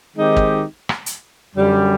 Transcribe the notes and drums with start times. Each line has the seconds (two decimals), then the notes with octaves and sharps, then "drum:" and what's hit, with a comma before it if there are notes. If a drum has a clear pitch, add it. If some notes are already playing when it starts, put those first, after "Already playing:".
0.15 D#3 G#3 C4 D#4 G4
0.37 drum: kick
0.89 drum: rim click
1.06 drum: hi-hat
1.53 F#2 D3 G3